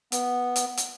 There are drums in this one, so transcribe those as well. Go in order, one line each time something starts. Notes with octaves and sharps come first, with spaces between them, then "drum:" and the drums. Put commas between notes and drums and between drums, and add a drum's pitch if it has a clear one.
B3, drum: hi-hat
drum: hi-hat
drum: hi-hat